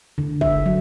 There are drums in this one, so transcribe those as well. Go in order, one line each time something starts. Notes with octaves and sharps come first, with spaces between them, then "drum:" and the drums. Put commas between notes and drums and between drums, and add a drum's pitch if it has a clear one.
D3
E5, drum: kick
F#3